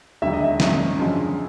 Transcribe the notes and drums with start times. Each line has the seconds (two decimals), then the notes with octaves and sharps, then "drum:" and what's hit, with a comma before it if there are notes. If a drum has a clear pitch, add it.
0.22 E1 D#2 D3 F#3 E5
0.33 D#5
0.44 E5
0.60 G#1 F#2 C#3 F#3 A#3, drum: snare
0.98 F#2 D3 F3 G#3 C#4